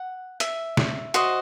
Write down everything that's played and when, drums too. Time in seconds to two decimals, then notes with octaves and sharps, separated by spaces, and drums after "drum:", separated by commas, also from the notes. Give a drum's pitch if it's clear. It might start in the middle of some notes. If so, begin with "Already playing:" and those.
Already playing: F#5
0.40 E5, drum: hi-hat
0.77 drum: snare
1.14 F#4 C5 D#5, drum: hi-hat